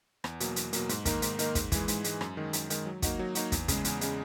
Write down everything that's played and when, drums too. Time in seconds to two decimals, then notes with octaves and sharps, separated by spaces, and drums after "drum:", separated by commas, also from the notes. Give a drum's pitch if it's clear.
0.24 E2, drum: rim click
0.40 B2 F#3 A#3, drum: hi-hat
0.56 E2, drum: hi-hat
0.73 B2 F#3 A#3, drum: hi-hat
0.89 G#2, drum: hi-hat
1.05 D#3 A#3 D#4 A#4, drum: kick, hi-hat
1.22 G#2, drum: hi-hat
1.39 D#3 A#3 D#4 A#4, drum: hi-hat
1.55 G#2, drum: kick, hi-hat
1.72 E3 G#3, drum: kick, hi-hat
1.88 G#2, drum: hi-hat
2.04 E3 G#3, drum: hi-hat
2.21 F#2, drum: rim click
2.37 D#3 G#3
2.53 F#2, drum: hi-hat
2.70 D#3 G#3, drum: hi-hat
2.86 F#3
3.02 A#3 D#4 F#4, drum: kick, hi-hat
3.19 F#3
3.35 A#3 D#4 F#4, drum: hi-hat
3.52 E2, drum: kick, hi-hat
3.68 C#3 G#3, drum: kick, hi-hat
3.85 E2, drum: hi-hat
4.01 C#3 G#3, drum: hi-hat